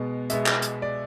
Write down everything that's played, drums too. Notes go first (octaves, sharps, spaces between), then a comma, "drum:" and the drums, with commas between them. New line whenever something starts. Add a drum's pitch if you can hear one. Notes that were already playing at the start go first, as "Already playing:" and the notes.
Already playing: B2 G#3 B3
B2 G#3 B3 E5, drum: hi-hat
drum: clap
drum: hi-hat
D5